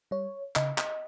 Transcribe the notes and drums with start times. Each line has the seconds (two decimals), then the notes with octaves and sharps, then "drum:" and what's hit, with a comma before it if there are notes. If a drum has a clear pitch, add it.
0.11 G3 C#5
0.56 C#3 D#5, drum: clap
0.78 drum: clap